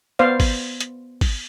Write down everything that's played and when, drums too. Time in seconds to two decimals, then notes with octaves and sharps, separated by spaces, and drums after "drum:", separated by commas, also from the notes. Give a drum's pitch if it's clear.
0.19 B3 C5 D5 F5
0.40 drum: kick G#1, open hi-hat
0.80 drum: hi-hat
1.21 drum: kick G#1, open hi-hat